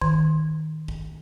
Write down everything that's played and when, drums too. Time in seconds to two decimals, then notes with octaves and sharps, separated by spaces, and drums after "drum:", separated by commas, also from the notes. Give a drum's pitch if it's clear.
0.01 D#3, drum: kick
0.88 drum: kick